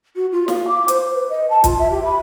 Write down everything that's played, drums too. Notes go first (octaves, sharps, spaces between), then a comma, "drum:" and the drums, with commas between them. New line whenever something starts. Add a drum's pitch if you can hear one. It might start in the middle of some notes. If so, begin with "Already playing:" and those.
F#4
F4
F5, drum: snare
D6
C5, drum: hi-hat
B4
D#5
A5
F4, drum: kick, hi-hat
E5
G4
B5